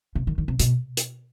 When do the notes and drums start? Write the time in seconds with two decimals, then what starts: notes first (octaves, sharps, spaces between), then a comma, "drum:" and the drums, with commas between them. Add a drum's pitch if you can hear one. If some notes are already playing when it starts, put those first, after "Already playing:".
0.15 C3
0.27 D#3
0.38 D#3
0.48 C3
0.59 B2, drum: hi-hat
0.97 drum: hi-hat